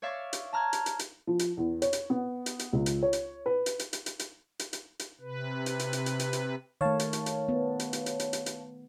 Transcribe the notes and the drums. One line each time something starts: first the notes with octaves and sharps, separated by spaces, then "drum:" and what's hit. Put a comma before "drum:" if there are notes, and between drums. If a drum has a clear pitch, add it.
C#5 D5 E5 F5 C#6 A6
drum: hi-hat
A5 A#5 F6 F#6 G#6
drum: hi-hat
drum: hi-hat
drum: hi-hat
F3
drum: hi-hat
E2
C#5, drum: hi-hat
drum: hi-hat
B3
drum: hi-hat
drum: hi-hat
C#2
drum: hi-hat
C#5
drum: hi-hat
B4
drum: hi-hat
drum: hi-hat
drum: hi-hat
drum: hi-hat
drum: hi-hat
drum: hi-hat
drum: hi-hat
drum: hi-hat
C3 B4
drum: hi-hat
drum: hi-hat
drum: hi-hat
drum: hi-hat
drum: hi-hat
drum: hi-hat
D#3 A3 C#5 F5 A5
drum: hi-hat
drum: hi-hat
drum: hi-hat
B3
drum: hi-hat
drum: hi-hat
drum: hi-hat
drum: hi-hat
drum: hi-hat
drum: hi-hat